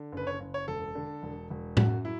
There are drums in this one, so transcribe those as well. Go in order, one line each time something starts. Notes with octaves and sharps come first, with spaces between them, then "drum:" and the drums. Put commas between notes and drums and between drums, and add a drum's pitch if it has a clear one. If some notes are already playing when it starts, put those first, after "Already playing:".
Already playing: D3
F#1 B4
C#5
F#1
C#5
E1 A4
D3
E1
E1
F#2 F#4, drum: tom A2
F#3 E4